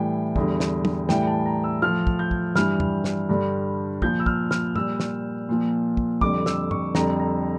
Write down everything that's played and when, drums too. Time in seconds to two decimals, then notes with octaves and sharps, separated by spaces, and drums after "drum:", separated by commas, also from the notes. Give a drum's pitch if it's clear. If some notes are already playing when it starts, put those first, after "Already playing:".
Already playing: A2 E3 G3 G5
0.36 E2 D3 G3, drum: kick
0.60 drum: snare
0.85 drum: tom
1.09 A2 E3 G3 G5, drum: snare
1.27 A5
1.46 A#5
1.64 E6
1.82 A2 F3 F6
2.07 drum: kick
2.19 G6
2.31 drum: kick
2.56 G2 E3 G3 F6, drum: snare
2.80 drum: tom
3.04 drum: snare
3.29 G2 D3 G3
4.02 A#2 F3 G6, drum: kick
4.20 E6
4.26 F6, drum: kick
4.51 F6, drum: snare
4.76 A#2 G3 E6, drum: tom
5.00 drum: snare
5.49 A#2 F3
5.97 drum: kick
6.21 F2 D3 G3 D6, drum: kick
6.46 E6, drum: snare
6.71 C#6, drum: tom
6.95 F2 D3 G3 A#5, drum: snare
7.20 A#5